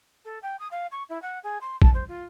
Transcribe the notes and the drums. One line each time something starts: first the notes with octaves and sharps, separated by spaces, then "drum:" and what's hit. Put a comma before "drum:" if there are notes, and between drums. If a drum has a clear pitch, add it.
A4
G5
D#6
F5
C#6
E4
F#5
G#4
C6
A5, drum: kick
C5
F4